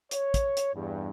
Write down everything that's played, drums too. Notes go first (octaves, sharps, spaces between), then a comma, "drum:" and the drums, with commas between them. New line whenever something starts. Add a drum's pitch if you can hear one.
C#5, drum: hi-hat
drum: kick, hi-hat
drum: hi-hat
E2 G2